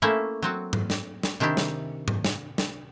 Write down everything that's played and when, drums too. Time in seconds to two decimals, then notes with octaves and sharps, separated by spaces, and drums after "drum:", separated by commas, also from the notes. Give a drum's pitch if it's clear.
0.02 A3 A#3 C#4 E4 C5 E5
0.42 F#3 C4 F#4
0.73 drum: tom G#2
0.90 drum: snare
1.23 drum: snare
1.40 C3 D#3 D4 E4 G4
1.57 drum: snare
2.08 drum: tom G#2
2.24 drum: snare
2.58 drum: snare